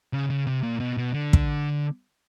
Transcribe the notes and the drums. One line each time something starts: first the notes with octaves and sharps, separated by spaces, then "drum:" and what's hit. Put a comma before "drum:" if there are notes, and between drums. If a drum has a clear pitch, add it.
C#3
C#3
C3
A#2
B2
B2
D3
drum: kick